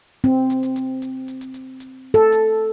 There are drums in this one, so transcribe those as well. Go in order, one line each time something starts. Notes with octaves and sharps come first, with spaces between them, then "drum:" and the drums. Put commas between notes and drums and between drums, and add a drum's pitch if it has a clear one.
C4
drum: hi-hat
drum: hi-hat
drum: hi-hat
drum: hi-hat
drum: hi-hat
drum: hi-hat
drum: hi-hat
drum: hi-hat
A4
drum: hi-hat